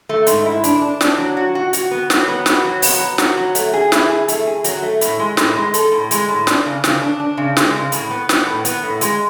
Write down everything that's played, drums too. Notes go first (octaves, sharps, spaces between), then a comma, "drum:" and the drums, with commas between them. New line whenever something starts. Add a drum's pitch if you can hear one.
A3
G#2, drum: hi-hat
E4
D4, drum: hi-hat
D4
D4, drum: snare
F#3
F#4
F#4
F#4, drum: hi-hat
B3
F#3, drum: snare
B3
F#4, drum: snare
F#3
B3, drum: open hi-hat
F#3
F#4, drum: snare
F#3
A3, drum: hi-hat
G#4
E4, drum: snare
G#4
A3, drum: hi-hat
G#4
F#3, drum: hi-hat
A3
A2, drum: hi-hat
G#3
A2, drum: snare
G#3
A4, drum: hi-hat
A2
G#3, drum: hi-hat
A2
D4, drum: snare
C#3
C#3, drum: snare
D4
D4
C#3
G#3, drum: snare
C#3
A2, drum: hi-hat
B3
B3, drum: snare
A2
B3, drum: hi-hat
A2
G#3, drum: hi-hat